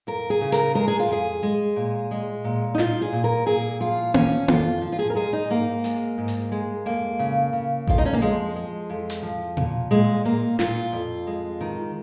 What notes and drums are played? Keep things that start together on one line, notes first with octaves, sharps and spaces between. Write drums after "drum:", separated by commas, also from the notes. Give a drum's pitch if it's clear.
F2 A#4
G#4
C#3
A#4, drum: hi-hat
G#3 A#4
G#4
F4
F2 G#4
G#3
A#2
G#3
A#2
D#4
A#2 F4, drum: snare
G#4
A#2
A#4
A#2 G#4
F3 F4
F3 C#4, drum: tom A#3
F2 F4, drum: tom A#3
F3
F4
G#4
A#4
G#3 G#4
D#4
G#2 A#3
G#3, drum: open hi-hat
G#2
drum: open hi-hat
G#3
F2 A#3
C#3
C#3
F2 F4, drum: kick A1
D#4
C#4
A#3
F3 G#3
G#3
F2
drum: hi-hat
F3
A#2, drum: tom B2
A#2 G#3
A#2 A#3
A#2 F4, drum: snare
F2
G#3
D#3